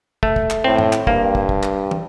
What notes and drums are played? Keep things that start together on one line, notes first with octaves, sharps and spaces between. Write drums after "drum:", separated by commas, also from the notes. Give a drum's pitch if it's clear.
A3, drum: kick
drum: kick
drum: clap
A2 C4
drum: tom G2
drum: clap
G2 A#3, drum: kick
drum: kick
drum: kick
drum: clap
drum: tom